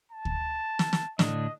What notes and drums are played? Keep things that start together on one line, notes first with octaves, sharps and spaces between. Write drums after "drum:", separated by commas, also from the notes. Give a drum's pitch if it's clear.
A5
drum: kick
drum: snare
drum: snare
A2 D3 D4 D#5, drum: snare